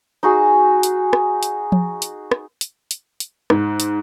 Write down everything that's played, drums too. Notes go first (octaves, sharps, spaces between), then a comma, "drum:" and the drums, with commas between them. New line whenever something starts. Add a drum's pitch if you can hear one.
D#4 F#4 G#4
drum: hi-hat
drum: rim click
drum: hi-hat
drum: tom F3
drum: hi-hat
drum: rim click
drum: hi-hat
drum: hi-hat
drum: hi-hat
G#2, drum: rim click
drum: hi-hat